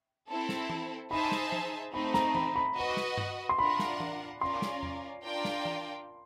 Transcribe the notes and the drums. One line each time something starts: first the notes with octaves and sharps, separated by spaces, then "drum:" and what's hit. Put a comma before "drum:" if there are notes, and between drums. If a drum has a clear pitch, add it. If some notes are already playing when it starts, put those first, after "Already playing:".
C4 E4 A4
drum: snare
drum: tom E3
D#4 G#4 C5 E5 A5 B5
drum: snare
drum: tom F3
A3 C4 D#4 B5
A#5, drum: snare
B5, drum: tom E3
B5
F#4 B4 D#5 F#5
drum: snare
drum: tom G2
C6
D4 F4 A#4 D5 F#5 B5
drum: snare
drum: tom E3
C#4 F4 A#4 D5 C6
drum: snare
drum: tom E2
D4 F4 A#4 D5 G5
drum: snare
drum: tom E3